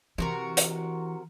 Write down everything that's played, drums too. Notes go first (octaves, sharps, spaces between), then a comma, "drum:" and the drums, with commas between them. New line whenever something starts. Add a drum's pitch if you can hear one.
C3 E3 F#4 A#4
drum: hi-hat